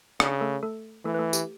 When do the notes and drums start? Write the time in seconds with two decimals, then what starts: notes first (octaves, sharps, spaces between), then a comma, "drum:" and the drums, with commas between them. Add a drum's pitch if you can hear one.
0.20 C#3 D4 D5, drum: rim click
0.41 A3 A4
0.63 A3 A4
1.05 E3 A3 A4
1.14 B4
1.19 A3 A4
1.33 G4, drum: tambourine